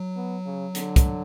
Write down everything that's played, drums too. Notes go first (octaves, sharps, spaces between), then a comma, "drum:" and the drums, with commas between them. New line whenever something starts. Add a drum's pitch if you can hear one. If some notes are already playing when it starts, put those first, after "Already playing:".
Already playing: F#3
B3
C#3
D3, drum: hi-hat
drum: kick, hi-hat